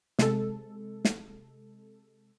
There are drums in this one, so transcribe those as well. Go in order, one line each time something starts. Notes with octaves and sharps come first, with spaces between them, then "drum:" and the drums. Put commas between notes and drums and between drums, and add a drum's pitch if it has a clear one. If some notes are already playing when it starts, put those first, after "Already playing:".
C3 G#3 A4, drum: snare
drum: snare